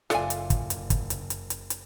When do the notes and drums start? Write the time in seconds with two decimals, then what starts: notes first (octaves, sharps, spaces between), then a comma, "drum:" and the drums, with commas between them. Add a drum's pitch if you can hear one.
0.10 F#1 F4 A4 D5 E5 G#5, drum: snare
0.30 drum: hi-hat
0.50 drum: kick, hi-hat
0.70 drum: hi-hat
0.90 drum: kick, hi-hat
1.10 drum: hi-hat
1.30 drum: hi-hat
1.50 drum: hi-hat
1.70 drum: hi-hat